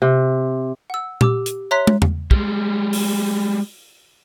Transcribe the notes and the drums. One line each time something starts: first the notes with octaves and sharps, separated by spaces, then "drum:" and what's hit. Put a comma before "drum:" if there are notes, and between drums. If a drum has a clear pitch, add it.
C3
F#5 E6
G4 D6 E6, drum: tom A#2
drum: hi-hat
C#5 E5 A#5 C6 F#6 B6
drum: tom
drum: tom E2
G3 G#3, drum: kick
drum: open hi-hat